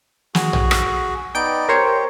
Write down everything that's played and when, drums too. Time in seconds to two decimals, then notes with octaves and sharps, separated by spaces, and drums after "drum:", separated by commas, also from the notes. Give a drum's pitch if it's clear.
0.35 F#4 G#4, drum: snare
0.53 drum: tom A#1
0.71 drum: rim click
1.35 B3 D#4 D5 G5 D7
1.69 G4 A#4 C5 C#5